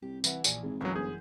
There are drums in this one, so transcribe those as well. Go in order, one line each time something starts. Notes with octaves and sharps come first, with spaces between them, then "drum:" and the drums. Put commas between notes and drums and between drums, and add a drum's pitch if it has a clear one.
C2 G4
E3 B4 E5 F#5, drum: tambourine
A#1 D5 G#5, drum: tambourine
G#1 G#4
B1 F#2 E3 F#3 G#3 C#4
G1 G#4 G6